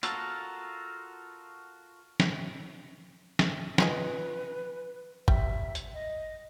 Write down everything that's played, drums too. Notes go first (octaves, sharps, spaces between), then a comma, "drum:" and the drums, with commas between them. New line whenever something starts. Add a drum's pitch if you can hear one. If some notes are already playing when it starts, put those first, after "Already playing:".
F4 F#4 A4 A#4, drum: hi-hat
drum: snare
drum: snare
F4 G#4 B4 D#5, drum: snare
G3 E5, drum: kick
drum: hi-hat
D#5